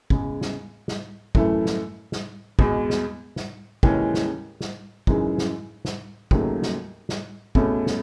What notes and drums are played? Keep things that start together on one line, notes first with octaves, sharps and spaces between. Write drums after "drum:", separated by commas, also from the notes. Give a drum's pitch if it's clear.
E2 C#3 G#3, drum: kick
drum: snare
drum: snare
F#2 E3 A3 E4, drum: kick
drum: snare
drum: snare
E2 B2 G#3, drum: kick
drum: snare
drum: snare
D#2 C#3 E3 G#3 C#4, drum: kick
drum: snare
drum: snare
F#2 C#3 E3 G#3 D#4, drum: kick
drum: snare
drum: snare
D#2 C#3 F#3 A3 D#4, drum: kick
drum: snare
drum: snare
E2 B2 A3 C#4, drum: kick
drum: snare